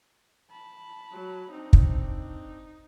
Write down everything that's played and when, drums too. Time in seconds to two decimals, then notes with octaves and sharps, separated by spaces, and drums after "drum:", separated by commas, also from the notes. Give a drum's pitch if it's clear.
0.50 A5 B5
1.12 F#3
1.51 C4 D4 D#4
1.73 drum: kick
2.11 D#4